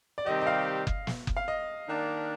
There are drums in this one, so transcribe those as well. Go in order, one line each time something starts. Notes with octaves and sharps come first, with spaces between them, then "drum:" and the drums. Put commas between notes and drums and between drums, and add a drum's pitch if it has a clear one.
D5
C3 D#3 G3 C4 G4 D#5
D#5
F5
drum: kick F#1
drum: snare
drum: kick F#1
F5
D#5
D#3 A#3 D4